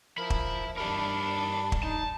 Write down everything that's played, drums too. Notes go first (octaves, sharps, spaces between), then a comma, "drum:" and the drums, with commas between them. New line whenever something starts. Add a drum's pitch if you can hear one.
F3 A#4 E5 B5
drum: kick
G2 D4 G4 A#4 B5
drum: kick
D#4 A5